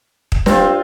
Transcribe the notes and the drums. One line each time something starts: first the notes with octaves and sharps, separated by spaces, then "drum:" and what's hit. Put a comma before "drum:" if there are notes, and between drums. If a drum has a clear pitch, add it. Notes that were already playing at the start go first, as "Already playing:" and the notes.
drum: kick
G2 C4 F4 C5, drum: snare